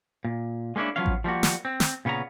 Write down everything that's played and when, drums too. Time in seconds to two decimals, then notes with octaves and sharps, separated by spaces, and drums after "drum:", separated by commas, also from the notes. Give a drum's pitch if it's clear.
0.25 A#2
0.76 G#3 A#3 C#4 D4 E4
0.96 F3 F#3 A#3 B3 C#4 F5
1.06 drum: kick A1
1.24 F3 G3 A#3 F#4
1.43 drum: snare
1.65 C4
1.80 drum: snare
2.05 A#2 C#3 B3 C#4 A#5